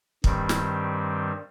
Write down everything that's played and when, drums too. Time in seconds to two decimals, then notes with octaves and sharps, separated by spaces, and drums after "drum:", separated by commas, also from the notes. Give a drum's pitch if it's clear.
0.24 G2 D#3 G3 C4, drum: kick
0.49 drum: snare